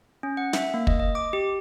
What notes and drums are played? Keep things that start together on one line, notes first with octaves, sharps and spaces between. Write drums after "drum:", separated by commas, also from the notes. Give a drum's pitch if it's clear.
C#4
F#5
E5, drum: snare
A#3
D#5, drum: kick
D#5
D6
G4